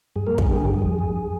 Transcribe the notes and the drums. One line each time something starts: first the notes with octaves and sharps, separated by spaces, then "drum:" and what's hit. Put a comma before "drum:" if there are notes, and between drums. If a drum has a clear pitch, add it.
G2 G#4
A#3 A#4
G2
G#4, drum: kick
D3 G4
G#4
G2 G4
G#4
F2
F2